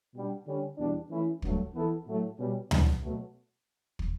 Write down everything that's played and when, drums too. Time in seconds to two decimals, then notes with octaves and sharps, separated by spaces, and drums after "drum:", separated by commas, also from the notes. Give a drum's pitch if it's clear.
0.14 B2 G3 B3 D4
0.46 D3 G3 C#4
0.78 E2 B2 G3 D4
1.10 E3 A3 C#4 E4
1.42 G2 F#3 A3, drum: kick
1.75 E3 B3 E4 A4
2.07 A2 F#3 A3
2.39 B2 G3 C#4
2.71 G2 E3 B3 D4, drum: tom D2
3.03 B2 F#3 A3
3.99 drum: kick